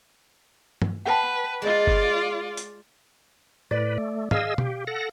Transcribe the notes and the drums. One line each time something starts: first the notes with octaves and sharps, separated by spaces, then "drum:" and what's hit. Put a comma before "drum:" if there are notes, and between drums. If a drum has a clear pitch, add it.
drum: tom
B4 F#5 G5 A5
G#3 F4 D5
drum: kick F#1
drum: hi-hat
A2 B4 D5
A3
G#4 D#5 F5 E6, drum: tom
G4, drum: tom
A4 F#5 A#6